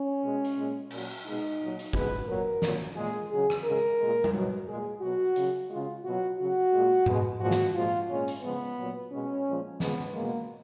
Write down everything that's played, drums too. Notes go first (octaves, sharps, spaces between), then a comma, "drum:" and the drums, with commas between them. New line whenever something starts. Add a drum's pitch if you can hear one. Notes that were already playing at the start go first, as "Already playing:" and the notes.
Already playing: C#4
B2 G#3
drum: hi-hat
A#2 G#3
A#2 F#3, drum: cymbal
B2 G#3 D#4
A#2 F#3
drum: hi-hat
B2 G#3 B4, drum: kick G1
A#2 F#3 A#4
A#2 F#3, drum: snare
A#2 G#3 G#4
C#3 F#3 G#4
drum: rim click
C#3 G#3 A#4
A#2 G#3
drum: tom G3
B2 F#3
A#2 G#3 G#4
B2 F#3 F#4
C#3 F#3, drum: hi-hat
C#3 G#3 F4
B2 F#3 F#4
C#3 F#3 F#4
A#2 G#3
B2 G#3, drum: tom G#2
A#2 F3 G#3 F#4
drum: snare
A#2 F3 G#3 F4
A#2 G#3 C#4
drum: hi-hat
C#3 F3 G#3 B3
A#2 F#3
B2 G#3 C#4
A#2 F3 G#3
C#3 F3 G#3 B3, drum: snare
B2 G#3 A#3